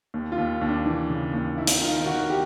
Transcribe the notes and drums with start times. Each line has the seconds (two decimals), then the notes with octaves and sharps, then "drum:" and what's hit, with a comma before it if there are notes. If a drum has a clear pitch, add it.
0.14 D#2
0.32 F4
0.38 D#2
0.61 D#2
0.68 D4
0.86 E3
1.10 C#3
1.34 D#2
1.58 D#3 E4
1.67 drum: hi-hat
1.82 D#3 F4
2.06 D#3 F#4
2.30 G4